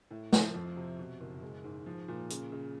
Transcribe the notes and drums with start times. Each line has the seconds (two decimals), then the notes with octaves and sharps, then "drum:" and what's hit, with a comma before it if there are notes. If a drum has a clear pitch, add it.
0.11 A2
0.33 F3, drum: snare
0.54 F2
0.77 C3
0.99 B2
1.20 F#1
1.42 G#3
1.64 G#2
1.86 F3
2.08 A#2
2.30 C#3, drum: hi-hat
2.52 C#3